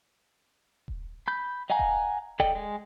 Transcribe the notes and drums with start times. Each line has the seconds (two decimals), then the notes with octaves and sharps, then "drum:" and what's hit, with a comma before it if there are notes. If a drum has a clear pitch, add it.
0.88 drum: kick D#1
1.28 B5 G6
1.70 D#5 F5 F#5 G#5 A#5
1.79 drum: kick D#1
2.40 A4 D5 D#5 G5, drum: kick D#1
2.55 G#3